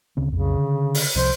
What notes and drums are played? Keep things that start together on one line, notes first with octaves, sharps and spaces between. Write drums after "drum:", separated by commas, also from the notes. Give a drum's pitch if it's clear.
D2 C#3 C4
B1 F2 C#3
D3
drum: open hi-hat
C2 C3 F3 C5